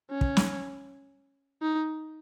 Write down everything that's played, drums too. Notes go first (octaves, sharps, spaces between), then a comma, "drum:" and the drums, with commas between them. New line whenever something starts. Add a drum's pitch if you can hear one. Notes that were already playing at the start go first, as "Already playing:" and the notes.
C#4
drum: kick
drum: snare
D#4